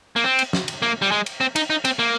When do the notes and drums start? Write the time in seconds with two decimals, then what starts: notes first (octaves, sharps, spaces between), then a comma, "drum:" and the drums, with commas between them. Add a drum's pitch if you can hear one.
0.16 A#3
0.24 C4
0.39 drum: cymbal
0.53 drum: snare
0.68 drum: cymbal
0.82 A#3
1.02 G3
1.11 G#3
1.26 drum: cymbal
1.41 C4
1.56 D#4, drum: cymbal
1.70 D#4
1.85 C4, drum: cymbal
1.99 A#3